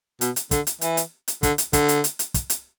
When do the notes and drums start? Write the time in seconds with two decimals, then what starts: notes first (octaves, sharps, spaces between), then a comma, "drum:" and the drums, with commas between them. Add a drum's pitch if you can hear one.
0.21 B2, drum: hi-hat
0.36 drum: hi-hat
0.51 D3, drum: kick, hi-hat
0.67 drum: hi-hat
0.81 E3, drum: hi-hat
0.97 drum: hi-hat
1.28 drum: hi-hat
1.43 D3, drum: kick, hi-hat
1.58 drum: hi-hat
1.73 D3, drum: kick, hi-hat
1.89 drum: hi-hat
2.04 drum: hi-hat
2.19 drum: hi-hat
2.34 drum: kick, hi-hat
2.50 drum: hi-hat